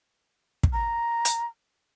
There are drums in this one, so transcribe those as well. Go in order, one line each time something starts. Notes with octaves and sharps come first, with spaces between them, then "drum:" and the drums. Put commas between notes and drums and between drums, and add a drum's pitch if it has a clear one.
drum: kick
A#5
drum: hi-hat